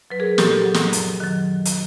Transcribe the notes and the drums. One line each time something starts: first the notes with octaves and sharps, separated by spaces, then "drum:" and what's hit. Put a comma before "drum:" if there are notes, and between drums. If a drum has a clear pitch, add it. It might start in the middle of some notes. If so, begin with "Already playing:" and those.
F#3 B4
G#4 A#4
A#2 G4 A4, drum: snare
F#3
drum: snare
F#2, drum: hi-hat
D#3 F#3
drum: hi-hat